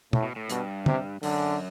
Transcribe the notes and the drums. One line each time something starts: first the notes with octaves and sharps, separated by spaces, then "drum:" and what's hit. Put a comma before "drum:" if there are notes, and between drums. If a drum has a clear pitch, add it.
A2, drum: tom
B2
A2
G2 B2, drum: hi-hat
C3, drum: tom
F#2 D3, drum: open hi-hat